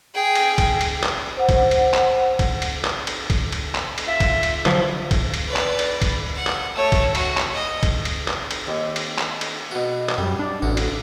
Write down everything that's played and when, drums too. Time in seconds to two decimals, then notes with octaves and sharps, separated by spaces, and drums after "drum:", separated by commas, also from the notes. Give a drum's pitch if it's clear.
0.15 G#4 G5
0.35 drum: cymbal
0.58 drum: kick, cymbal
0.81 drum: cymbal
1.03 drum: clap
1.37 C5 F#5
1.49 drum: kick, cymbal
1.71 drum: cymbal
1.94 drum: clap
2.39 drum: kick, cymbal
2.62 drum: cymbal
2.84 drum: clap
3.07 drum: cymbal
3.30 drum: kick, cymbal
3.52 drum: cymbal
3.75 drum: clap
3.98 drum: cymbal
4.07 F4 E5
4.20 drum: kick, cymbal
4.43 drum: cymbal
4.66 D3 F3 F#3, drum: clap
5.11 drum: kick, cymbal
5.34 drum: cymbal
5.47 B4 D5
5.56 drum: clap
5.79 drum: cymbal
6.02 drum: kick, cymbal
6.36 F#5
6.47 drum: clap
6.75 A3 C#5
6.92 drum: kick, cymbal
7.15 F#4, drum: cymbal
7.37 drum: clap
7.54 D#5
7.83 drum: kick, cymbal
8.05 drum: cymbal
8.28 drum: clap
8.51 drum: cymbal
8.67 D#2
8.96 drum: cymbal
9.19 drum: clap
9.41 drum: cymbal
9.71 B2 F#4
10.09 drum: clap
10.18 F#2 G3
10.39 D4
10.62 A1 D2 F#4
10.77 drum: cymbal